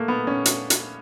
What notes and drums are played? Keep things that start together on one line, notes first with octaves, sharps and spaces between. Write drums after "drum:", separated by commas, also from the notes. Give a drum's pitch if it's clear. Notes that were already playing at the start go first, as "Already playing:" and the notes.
Already playing: A3 A#3
B3
C#4
drum: hi-hat
drum: hi-hat